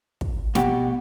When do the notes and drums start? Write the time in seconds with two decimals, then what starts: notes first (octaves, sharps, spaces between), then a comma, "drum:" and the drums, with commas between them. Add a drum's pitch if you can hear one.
0.21 drum: kick
0.55 B2 G4 F#5, drum: snare